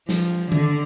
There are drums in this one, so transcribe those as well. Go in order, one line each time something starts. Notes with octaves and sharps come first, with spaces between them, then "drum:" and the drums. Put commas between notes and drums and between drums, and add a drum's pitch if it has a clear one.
F3, drum: snare
D3, drum: tom D#3